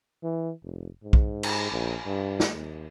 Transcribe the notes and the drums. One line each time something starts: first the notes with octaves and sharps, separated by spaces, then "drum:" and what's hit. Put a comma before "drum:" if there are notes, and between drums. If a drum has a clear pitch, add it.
E3
F1
G#2
drum: kick B1
drum: cymbal
A#1
G2
drum: snare
D#2